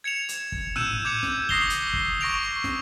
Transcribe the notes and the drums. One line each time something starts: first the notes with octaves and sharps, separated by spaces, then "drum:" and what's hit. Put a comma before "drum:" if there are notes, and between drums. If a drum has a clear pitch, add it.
G#6 C#7 E7 F7
drum: hi-hat
drum: kick
E6 F#6 G6 D#7 E7, drum: tom
D6 G6 G#6 C#7 F7
drum: snare
C#6 D#6 A#6 C7 F7 G7, drum: kick
drum: hi-hat
drum: kick
C#6 A#6 D7 F7
drum: snare